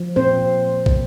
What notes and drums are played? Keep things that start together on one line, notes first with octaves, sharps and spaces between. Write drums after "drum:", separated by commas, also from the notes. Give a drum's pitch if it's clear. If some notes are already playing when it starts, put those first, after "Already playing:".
Already playing: F3
A#2 C4 C5
A#2
A#3
drum: kick